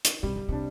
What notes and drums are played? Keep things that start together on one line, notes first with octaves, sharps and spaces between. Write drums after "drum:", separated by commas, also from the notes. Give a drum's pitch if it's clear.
drum: hi-hat
C3 G3
D3
C3 D4